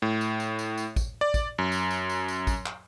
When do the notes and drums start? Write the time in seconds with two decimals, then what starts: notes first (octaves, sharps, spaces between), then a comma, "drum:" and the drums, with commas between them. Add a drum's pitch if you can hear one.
0.02 A2
0.21 drum: tambourine
0.40 drum: tambourine
0.59 drum: tambourine
0.78 drum: tambourine
0.96 drum: kick, tambourine
1.21 D5
1.34 drum: kick, tambourine
1.58 F#2
1.72 drum: tambourine
1.91 drum: tambourine
2.09 drum: tambourine
2.28 drum: tambourine
2.47 drum: kick, tambourine
2.66 drum: clap